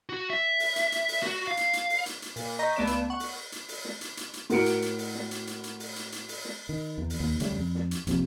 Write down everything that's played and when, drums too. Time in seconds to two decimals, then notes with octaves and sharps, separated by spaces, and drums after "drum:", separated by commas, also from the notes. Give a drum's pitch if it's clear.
0.09 F#4
0.30 E5
0.60 drum: open hi-hat
0.76 drum: hi-hat
0.92 drum: hi-hat
1.08 drum: open hi-hat
1.23 F#4, drum: snare
1.47 F5
1.57 drum: hi-hat
1.73 drum: hi-hat
1.90 drum: open hi-hat
2.06 drum: hi-hat
2.22 drum: hi-hat
2.36 A#2, drum: open hi-hat
2.59 D#5 A#5 C#6 G6 A#6 B6
2.76 C#2 A3 B3 D5 E7
2.87 drum: hi-hat
3.10 F#5 C#6
3.20 drum: open hi-hat
3.52 drum: hi-hat
3.68 drum: open hi-hat
3.85 drum: snare
4.01 drum: hi-hat
4.17 drum: hi-hat
4.33 drum: hi-hat
4.50 A2 F#4 A#4 C#7 D7, drum: open hi-hat
4.66 drum: hi-hat
4.82 drum: hi-hat
4.98 drum: open hi-hat
5.15 drum: snare
5.31 drum: hi-hat
5.47 drum: hi-hat
5.64 drum: hi-hat
5.80 drum: open hi-hat
5.96 drum: hi-hat
6.12 drum: hi-hat
6.29 drum: open hi-hat
6.45 drum: snare
6.69 D#3
6.98 E2
7.10 drum: open hi-hat
7.20 D#2
7.40 D2 C#3 G3 A3, drum: hi-hat
7.55 F2
7.75 drum: snare
7.91 drum: hi-hat
8.07 A#1 F2 C3, drum: hi-hat